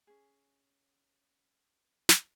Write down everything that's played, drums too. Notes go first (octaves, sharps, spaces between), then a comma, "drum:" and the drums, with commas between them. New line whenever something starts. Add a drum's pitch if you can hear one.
C#4 G#4
drum: snare